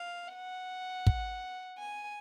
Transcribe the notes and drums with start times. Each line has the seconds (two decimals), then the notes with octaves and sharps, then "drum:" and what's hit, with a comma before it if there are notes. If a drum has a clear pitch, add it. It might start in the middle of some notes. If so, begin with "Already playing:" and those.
Already playing: F5
0.34 F#5
1.07 drum: kick
1.79 G#5